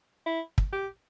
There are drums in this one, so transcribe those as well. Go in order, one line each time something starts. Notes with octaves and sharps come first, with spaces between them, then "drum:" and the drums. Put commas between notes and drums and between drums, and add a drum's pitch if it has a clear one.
E4
drum: kick
G4